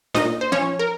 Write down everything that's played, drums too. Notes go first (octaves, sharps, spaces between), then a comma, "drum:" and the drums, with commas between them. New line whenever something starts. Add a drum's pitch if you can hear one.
A#2 D#4 D#5, drum: snare D4
C5
F3 C#4 C#5
A#4